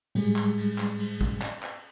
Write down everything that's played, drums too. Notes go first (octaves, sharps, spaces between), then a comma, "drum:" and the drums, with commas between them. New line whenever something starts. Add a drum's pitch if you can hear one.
A2 G3 G#3 G#4, drum: cymbal
drum: clap
drum: cymbal
drum: clap
drum: cymbal
drum: kick
drum: clap
drum: clap